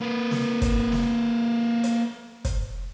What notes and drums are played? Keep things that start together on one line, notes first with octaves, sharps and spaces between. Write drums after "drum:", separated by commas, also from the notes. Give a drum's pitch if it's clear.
A#3 B4
drum: snare
drum: kick, hi-hat
drum: snare
drum: hi-hat
drum: kick, hi-hat